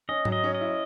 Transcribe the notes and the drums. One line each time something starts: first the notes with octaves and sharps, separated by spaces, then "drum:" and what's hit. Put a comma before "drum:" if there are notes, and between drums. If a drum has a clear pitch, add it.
C#4 D#5
F#3, drum: tom G#2
D#5
C#4
D#5
E4